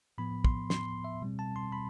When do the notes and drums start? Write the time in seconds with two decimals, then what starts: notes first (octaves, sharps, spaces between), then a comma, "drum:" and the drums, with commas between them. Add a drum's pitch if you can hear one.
0.18 A2 F3 B3 B5
0.45 C6, drum: kick
0.70 C6, drum: snare
1.04 E5
1.21 B2 G3 C4
1.39 A5
1.56 C6
1.72 B5